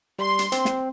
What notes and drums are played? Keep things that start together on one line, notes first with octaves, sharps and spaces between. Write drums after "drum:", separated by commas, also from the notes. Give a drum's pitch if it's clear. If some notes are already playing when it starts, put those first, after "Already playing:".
G3 C6
drum: hi-hat
C4, drum: hi-hat
drum: snare